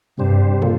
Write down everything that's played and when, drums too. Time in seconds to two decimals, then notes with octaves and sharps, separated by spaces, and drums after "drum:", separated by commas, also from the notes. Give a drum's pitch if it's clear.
0.18 G2 C3 G3 D4 G4 C5
0.62 A#3 F4 A4, drum: tom